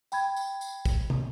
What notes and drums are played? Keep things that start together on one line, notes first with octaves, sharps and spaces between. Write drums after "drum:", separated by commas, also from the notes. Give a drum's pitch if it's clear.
G5 B5 G#6, drum: tambourine
drum: tambourine
drum: tambourine
drum: kick, tambourine
drum: tom